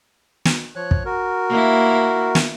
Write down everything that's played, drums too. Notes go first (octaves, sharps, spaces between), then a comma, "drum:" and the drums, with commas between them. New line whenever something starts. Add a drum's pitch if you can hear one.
drum: snare
F3 C#5 F#6
drum: kick
F#4 A#4
A#3 E4
drum: snare